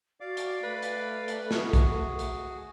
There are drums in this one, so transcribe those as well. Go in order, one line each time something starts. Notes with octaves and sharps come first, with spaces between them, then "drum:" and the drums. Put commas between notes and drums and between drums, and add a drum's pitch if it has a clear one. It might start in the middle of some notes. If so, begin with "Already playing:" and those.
F#4 D5 F5 D6
drum: hi-hat
A3 B4
drum: hi-hat
drum: hi-hat
F#4 G#4, drum: snare
drum: kick, hi-hat
drum: hi-hat